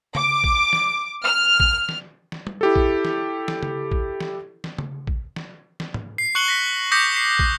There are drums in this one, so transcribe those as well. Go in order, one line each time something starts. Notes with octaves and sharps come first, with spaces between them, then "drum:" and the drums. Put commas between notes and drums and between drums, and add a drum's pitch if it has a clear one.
D6, drum: tom C#3
drum: kick
drum: snare
F6
drum: kick
drum: snare
drum: snare
drum: tom
E4 G4 A4
drum: kick
drum: snare
drum: snare
drum: tom C#3
drum: kick
drum: snare
drum: snare
drum: tom C#3
drum: kick
drum: snare
drum: snare
drum: tom G#2
C7
C#6 F#6 C7 C#7 F#7 G7
A#6 B6
D6 D#6 G6 A#6 B6 C#7
B6 C7
drum: kick